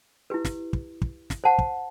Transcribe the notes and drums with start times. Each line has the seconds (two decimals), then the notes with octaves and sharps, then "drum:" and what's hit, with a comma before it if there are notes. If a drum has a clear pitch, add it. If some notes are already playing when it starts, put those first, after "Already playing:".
0.30 E4 G4 B4
0.45 drum: snare
0.73 drum: kick
1.02 drum: kick
1.30 drum: snare
1.44 C5 F#5 A5
1.59 drum: kick